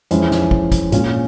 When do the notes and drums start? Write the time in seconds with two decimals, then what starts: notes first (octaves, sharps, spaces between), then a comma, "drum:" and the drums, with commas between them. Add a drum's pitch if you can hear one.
0.11 F2 E3 G#3 C#4 E4, drum: hi-hat
0.31 drum: snare
0.51 drum: kick
0.72 drum: kick, hi-hat
0.92 A#2 G#3 C#4, drum: hi-hat